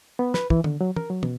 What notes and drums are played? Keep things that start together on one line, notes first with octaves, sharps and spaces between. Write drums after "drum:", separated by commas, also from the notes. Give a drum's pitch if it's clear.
B3
B4, drum: snare
E3, drum: kick
D3, drum: tom
F#3
A#4, drum: tom
F#3
B2, drum: tom